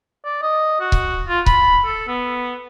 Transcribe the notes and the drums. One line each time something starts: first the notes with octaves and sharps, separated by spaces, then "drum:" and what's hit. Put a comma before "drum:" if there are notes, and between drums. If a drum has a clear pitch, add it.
D5
D#5
F#4
drum: kick C#1
F4
B5, drum: kick C#1
A4
B3